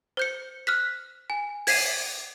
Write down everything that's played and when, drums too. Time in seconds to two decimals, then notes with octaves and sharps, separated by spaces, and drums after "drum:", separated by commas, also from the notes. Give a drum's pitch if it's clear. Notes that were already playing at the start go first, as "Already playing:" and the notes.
0.17 C5 G6 C#7
0.67 F6 F#6 B6
1.30 G#5
1.67 G#6 B6 C7 D#7 E7, drum: open hi-hat